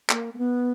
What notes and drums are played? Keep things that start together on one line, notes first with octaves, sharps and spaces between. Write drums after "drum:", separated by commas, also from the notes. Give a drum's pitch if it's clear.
A#3, drum: clap
A#3
B3